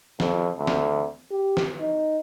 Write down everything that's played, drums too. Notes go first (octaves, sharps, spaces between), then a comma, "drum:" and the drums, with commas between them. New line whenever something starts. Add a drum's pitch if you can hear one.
F2, drum: snare
D2
drum: snare
G4
drum: snare
D#4